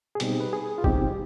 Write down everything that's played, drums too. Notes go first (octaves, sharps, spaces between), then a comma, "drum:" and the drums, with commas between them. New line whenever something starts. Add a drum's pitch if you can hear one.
G#4
B2 G3 C4 D#4 G4, drum: hi-hat
B4
G#4
F4
B2 G3 C4 D#4 G4, drum: kick G1